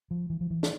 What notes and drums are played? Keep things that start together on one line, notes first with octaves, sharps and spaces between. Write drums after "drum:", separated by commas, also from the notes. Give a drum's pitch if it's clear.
F3
E3
F3
E3
drum: snare